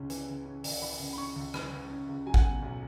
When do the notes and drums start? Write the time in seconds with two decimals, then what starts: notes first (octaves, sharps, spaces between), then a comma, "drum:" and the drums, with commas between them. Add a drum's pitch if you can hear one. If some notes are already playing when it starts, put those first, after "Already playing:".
Already playing: C#2 C#3 C#4
0.10 E3, drum: hi-hat
0.28 C#3
0.45 C#4
0.64 C#2, drum: open hi-hat
0.82 E3 B5
0.99 C#3
1.13 B5
1.18 C#4 C#6
1.36 C#2
1.54 E3 B5, drum: rim click
1.73 C#3
1.90 C#4
2.09 C#2
2.26 F#3 G#5
2.34 F#5, drum: kick A1
2.42 B2 G#5
2.63 B1